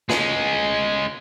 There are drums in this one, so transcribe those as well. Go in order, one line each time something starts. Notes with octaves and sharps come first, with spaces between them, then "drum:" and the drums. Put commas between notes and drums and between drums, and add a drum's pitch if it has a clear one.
G#3 C#4, drum: snare